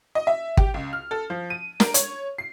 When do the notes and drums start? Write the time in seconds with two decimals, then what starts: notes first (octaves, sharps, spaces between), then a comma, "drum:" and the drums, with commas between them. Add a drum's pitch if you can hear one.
0.15 D#5
0.27 E5
0.57 G4, drum: kick
0.74 C#2
0.93 F6
1.11 A4
1.30 F3
1.50 D#7
1.80 A#4, drum: snare
1.94 C#5, drum: hi-hat
2.38 C7